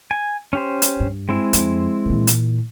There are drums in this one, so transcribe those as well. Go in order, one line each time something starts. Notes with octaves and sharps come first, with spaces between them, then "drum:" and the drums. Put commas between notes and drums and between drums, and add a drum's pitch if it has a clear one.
G#5
C#4 G4 C5
drum: hi-hat
G2
G#3 C4 E4
F2, drum: hi-hat
A#2 E3
drum: hi-hat